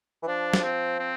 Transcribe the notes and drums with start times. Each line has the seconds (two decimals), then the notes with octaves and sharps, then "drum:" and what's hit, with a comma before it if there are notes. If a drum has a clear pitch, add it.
0.23 E3
0.28 F3 D4
0.53 drum: snare
0.64 C4
1.00 C4